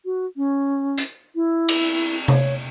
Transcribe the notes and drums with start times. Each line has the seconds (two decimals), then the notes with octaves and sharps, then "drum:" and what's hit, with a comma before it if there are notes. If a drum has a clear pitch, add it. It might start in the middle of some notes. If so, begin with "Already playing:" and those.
0.05 F#4
0.37 C#4
0.98 drum: hi-hat
1.35 E4
1.69 drum: cymbal
2.28 C#5, drum: tom C3